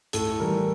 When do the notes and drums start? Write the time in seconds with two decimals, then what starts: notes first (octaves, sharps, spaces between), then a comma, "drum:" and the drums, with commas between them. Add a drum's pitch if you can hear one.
0.13 A2 A4, drum: hi-hat
0.40 E3 G3 A#4